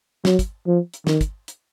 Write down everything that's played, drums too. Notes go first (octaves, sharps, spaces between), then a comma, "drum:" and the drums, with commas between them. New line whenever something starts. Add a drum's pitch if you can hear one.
F#3, drum: snare
drum: kick, hi-hat
F3
drum: hi-hat
D#3, drum: snare
drum: kick, hi-hat
drum: hi-hat